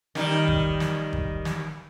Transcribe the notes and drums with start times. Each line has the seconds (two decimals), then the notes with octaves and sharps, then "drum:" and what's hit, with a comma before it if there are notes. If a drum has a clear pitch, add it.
0.15 D#3 G3 D#4, drum: snare
0.48 drum: kick
0.80 drum: snare
1.13 drum: kick
1.45 drum: snare